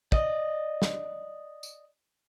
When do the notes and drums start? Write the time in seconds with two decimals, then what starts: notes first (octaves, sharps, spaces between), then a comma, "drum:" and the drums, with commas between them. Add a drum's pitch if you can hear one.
0.12 D5 D#5, drum: kick
0.82 drum: snare
1.63 drum: tambourine